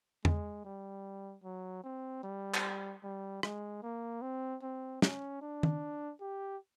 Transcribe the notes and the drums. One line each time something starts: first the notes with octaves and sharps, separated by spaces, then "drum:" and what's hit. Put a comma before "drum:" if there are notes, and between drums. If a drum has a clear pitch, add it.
G#3, drum: tom E2
G3
F#3
C4
G3
drum: clap
G3
G#3, drum: rim click
A#3
C4
C4
C#4, drum: snare
D4
drum: tom D#3
G4